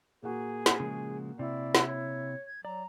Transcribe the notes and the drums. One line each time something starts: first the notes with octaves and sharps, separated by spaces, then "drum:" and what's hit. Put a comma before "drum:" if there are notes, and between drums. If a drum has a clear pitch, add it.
A#2 A#3 F#4 G#4
drum: snare
C#3 F3 G#3
C3 E4 D5
drum: snare
C#5
G#6
F#3 D5 A#5